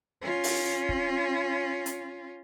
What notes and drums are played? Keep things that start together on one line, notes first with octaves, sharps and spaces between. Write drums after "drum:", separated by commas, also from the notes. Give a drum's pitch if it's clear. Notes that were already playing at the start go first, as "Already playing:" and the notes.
C#4 F4
drum: open hi-hat
drum: kick
drum: hi-hat